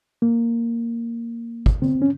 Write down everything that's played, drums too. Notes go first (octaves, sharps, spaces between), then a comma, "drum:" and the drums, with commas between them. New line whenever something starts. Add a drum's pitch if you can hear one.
A#3
drum: kick
C4, drum: tom D3
C#4